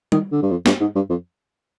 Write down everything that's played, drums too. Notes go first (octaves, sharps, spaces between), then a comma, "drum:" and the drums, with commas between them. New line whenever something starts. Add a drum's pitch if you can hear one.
D#3, drum: tom G3
D3
G2
F2
G2, drum: snare
G#2
G2
F2